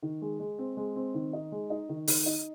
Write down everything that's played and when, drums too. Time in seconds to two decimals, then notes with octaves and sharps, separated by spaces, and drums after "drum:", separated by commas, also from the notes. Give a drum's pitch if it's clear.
0.03 D#3
0.22 G#3
0.40 G#3
0.59 C4
0.77 G#3
0.96 C4
1.14 D#3
1.33 D#4
1.52 G#3
1.70 D#4
1.89 D#3
2.08 D#3, drum: open hi-hat
2.26 D#4